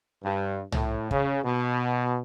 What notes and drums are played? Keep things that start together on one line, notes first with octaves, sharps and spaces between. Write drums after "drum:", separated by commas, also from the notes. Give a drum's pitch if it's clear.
G2
A2, drum: tom
C#3, drum: kick
B2